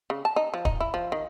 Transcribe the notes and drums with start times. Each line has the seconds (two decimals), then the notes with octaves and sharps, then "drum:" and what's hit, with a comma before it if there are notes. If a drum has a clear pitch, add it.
0.10 C#3
0.25 A5
0.36 D#4
0.54 F3
0.65 D#4, drum: kick
0.81 E4
0.94 F3
1.12 D#3